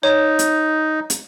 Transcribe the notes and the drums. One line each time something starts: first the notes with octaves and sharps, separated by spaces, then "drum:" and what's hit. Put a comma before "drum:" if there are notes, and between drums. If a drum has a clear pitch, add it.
D#4 C#5
drum: hi-hat
drum: hi-hat